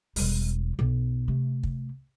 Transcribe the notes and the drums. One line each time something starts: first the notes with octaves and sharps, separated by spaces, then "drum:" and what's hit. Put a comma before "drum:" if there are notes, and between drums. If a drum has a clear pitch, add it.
E1 G3, drum: open hi-hat
B1
C3 A3
drum: kick